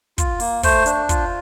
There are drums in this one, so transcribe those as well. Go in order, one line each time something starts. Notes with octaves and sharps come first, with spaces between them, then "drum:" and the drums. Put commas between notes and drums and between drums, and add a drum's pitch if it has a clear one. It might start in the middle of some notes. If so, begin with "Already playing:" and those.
F4, drum: kick, hi-hat
A#3, drum: open hi-hat
A3 C5, drum: kick, open hi-hat
D4, drum: hi-hat
F4, drum: kick, hi-hat